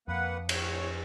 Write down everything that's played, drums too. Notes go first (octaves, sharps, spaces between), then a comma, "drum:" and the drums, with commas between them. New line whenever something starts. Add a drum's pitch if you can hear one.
F2 A#3 B4 F#5
A2 C#5, drum: cymbal